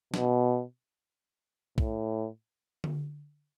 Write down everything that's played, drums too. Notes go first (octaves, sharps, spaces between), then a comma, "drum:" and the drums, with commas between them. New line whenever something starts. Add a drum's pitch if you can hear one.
B2, drum: snare
A2, drum: kick
drum: tom D3